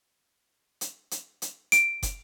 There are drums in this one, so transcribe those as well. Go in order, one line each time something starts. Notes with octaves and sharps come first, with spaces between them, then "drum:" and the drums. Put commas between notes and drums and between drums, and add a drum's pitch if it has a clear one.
drum: hi-hat
drum: hi-hat
drum: hi-hat
D7, drum: hi-hat
drum: kick, hi-hat